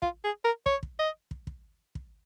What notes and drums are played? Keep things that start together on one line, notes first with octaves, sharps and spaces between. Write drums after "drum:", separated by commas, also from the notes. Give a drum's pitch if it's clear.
F4, drum: kick
G#4
A#4
C#5, drum: kick
drum: kick
D#5
drum: kick
drum: kick
drum: kick